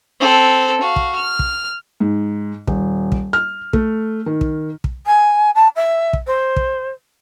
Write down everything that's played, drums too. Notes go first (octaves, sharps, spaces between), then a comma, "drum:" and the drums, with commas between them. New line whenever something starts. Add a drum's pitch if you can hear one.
C4 A4
F#4 F5
drum: kick
F6
drum: kick
G#2
D#1, drum: kick
drum: kick
F6
A3, drum: kick
D#3
drum: kick
drum: kick
G#5
A5
E5
drum: kick
C5
drum: kick